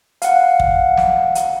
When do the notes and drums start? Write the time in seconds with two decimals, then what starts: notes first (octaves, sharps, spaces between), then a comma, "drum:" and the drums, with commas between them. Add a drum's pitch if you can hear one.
0.22 F5 F#5, drum: hi-hat
0.60 drum: kick
0.97 drum: snare
1.35 drum: hi-hat